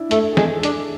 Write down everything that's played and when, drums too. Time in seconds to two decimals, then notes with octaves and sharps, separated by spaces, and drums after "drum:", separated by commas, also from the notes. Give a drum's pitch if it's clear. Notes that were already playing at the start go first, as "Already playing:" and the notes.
Already playing: D4 E4
0.11 A3 A4, drum: hi-hat
0.33 G#4
0.37 G#3 A4, drum: snare
0.59 A4
0.63 D4 G#4, drum: hi-hat